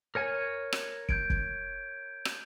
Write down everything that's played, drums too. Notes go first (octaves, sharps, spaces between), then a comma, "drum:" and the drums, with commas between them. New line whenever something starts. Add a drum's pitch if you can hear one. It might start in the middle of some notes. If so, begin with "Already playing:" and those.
A#4 C#5 G#5
drum: rim click
G6 G#6 D7, drum: kick
drum: kick
drum: rim click